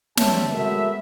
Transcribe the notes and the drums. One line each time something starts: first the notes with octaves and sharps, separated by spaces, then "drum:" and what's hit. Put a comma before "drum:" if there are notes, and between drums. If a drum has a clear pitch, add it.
E2 G2 C4 C#5 E5 A5, drum: snare
G#3 A3 B3 F#4 A#4 E5